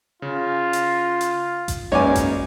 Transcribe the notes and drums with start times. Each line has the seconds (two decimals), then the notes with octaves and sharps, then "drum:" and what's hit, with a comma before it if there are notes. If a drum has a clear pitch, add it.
0.22 C#3 F4
0.73 drum: hi-hat
1.21 drum: hi-hat
1.68 drum: kick A1, hi-hat
1.92 F#2 G#3 A#3 D#4 B4 C#5 D5 G#5
2.15 drum: kick A1, hi-hat